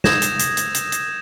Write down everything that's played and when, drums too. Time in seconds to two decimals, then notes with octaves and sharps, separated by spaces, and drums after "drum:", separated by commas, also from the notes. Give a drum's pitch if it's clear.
0.04 D#6 E6 G6 G#6 A#6 E7, drum: snare
0.22 drum: hi-hat
0.39 drum: hi-hat
0.57 drum: hi-hat
0.74 drum: hi-hat
0.92 drum: hi-hat